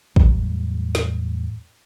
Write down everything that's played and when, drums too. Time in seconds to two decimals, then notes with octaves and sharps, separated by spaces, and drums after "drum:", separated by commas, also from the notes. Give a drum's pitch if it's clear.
0.16 E2 A2 F#3 G3, drum: kick
0.95 drum: snare